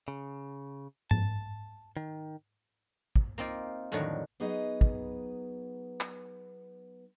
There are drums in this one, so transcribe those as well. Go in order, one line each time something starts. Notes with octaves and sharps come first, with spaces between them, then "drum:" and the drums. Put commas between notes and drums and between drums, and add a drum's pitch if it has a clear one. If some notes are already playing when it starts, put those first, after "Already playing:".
C#3
A5, drum: tom G#2
D#3
drum: kick
A#3 C4 D#4 F4
F2 A2 D3 D#3 F#3
F#3 B3 D#4 G#4 B4 D#5
drum: kick
drum: clap